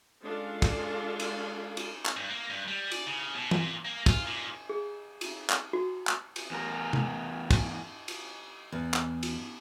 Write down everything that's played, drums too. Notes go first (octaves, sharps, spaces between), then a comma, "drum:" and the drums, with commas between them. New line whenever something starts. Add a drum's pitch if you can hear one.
G#3 C#4 D4 F4 A4 F5
drum: kick, cymbal
drum: cymbal
drum: cymbal
drum: clap
G2
A#3
G2
G3
D5, drum: cymbal
C#3
B2
A#2, drum: tom E3
A#3
F4, drum: kick, cymbal
A#2
G#4
drum: cymbal
drum: clap
F#4
drum: clap
drum: cymbal
E2 A#4
drum: tom C3
drum: kick, cymbal
drum: cymbal
E2
drum: clap
drum: cymbal